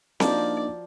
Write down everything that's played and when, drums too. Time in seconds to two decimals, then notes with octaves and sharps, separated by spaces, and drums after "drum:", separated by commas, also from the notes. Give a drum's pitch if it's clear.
0.20 F3 A#3 D4 D#4 F#4 A#4 D5, drum: snare C4